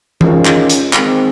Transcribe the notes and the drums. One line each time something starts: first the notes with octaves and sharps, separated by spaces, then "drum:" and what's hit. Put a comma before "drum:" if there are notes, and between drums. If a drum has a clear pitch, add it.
D#3 G#3 C#4 F4 A#4, drum: tom E3
drum: clap
drum: hi-hat
D#3 G#3 C4, drum: clap